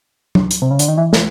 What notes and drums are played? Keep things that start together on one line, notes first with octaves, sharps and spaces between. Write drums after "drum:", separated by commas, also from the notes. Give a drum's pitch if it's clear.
drum: tom F#3
drum: hi-hat
C3
C#3
D3, drum: hi-hat
D#3
E3
drum: snare